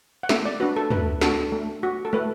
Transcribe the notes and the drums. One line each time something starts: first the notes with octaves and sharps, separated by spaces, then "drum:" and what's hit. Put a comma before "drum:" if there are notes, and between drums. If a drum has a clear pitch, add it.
F#5
A3 E5, drum: snare
D5
D4 F#4 B4
A4
A3 B4, drum: tom
D4 F#4 A4, drum: snare
A3
F#4
A4
A3 B4